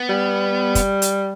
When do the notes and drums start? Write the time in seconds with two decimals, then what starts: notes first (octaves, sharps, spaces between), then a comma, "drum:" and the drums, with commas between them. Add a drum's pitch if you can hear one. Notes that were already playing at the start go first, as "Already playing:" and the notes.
Already playing: B3
0.09 G3
0.75 drum: kick, hi-hat
1.02 drum: hi-hat